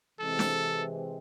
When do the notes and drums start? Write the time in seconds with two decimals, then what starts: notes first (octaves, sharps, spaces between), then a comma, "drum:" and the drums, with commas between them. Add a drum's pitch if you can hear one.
0.20 C3 E3 G#3 C4 A4
0.39 drum: snare